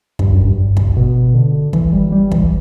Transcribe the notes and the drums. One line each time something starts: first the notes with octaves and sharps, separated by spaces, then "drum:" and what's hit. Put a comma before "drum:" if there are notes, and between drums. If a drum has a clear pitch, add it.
G2, drum: kick
F#2
G2
drum: kick
B2
D3
E3, drum: kick
G3
G3
E3, drum: kick